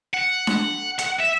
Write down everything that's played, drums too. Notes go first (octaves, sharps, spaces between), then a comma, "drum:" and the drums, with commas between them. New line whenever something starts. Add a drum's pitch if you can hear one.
F#5
drum: snare D4
F#5, drum: hi-hat
E5